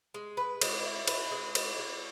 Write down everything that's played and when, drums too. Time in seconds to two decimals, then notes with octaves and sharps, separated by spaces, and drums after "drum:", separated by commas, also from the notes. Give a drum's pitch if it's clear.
0.14 G#3
0.37 B4
0.61 G#3, drum: cymbal
0.85 E4
1.08 B4, drum: cymbal
1.31 G#3
1.55 B4, drum: cymbal
1.78 G#3